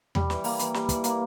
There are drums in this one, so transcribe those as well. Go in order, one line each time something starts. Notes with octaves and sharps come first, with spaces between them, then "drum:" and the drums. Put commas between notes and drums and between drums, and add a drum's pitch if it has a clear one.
G3, drum: tom E2
E3, drum: snare
A#3, drum: open hi-hat
E3, drum: hi-hat
G3, drum: snare
E3, drum: kick, hi-hat
A#3, drum: hi-hat